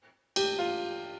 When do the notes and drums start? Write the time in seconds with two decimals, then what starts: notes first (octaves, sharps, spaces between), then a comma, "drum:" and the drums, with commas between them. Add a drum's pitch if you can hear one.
0.36 G4, drum: cymbal
0.59 F4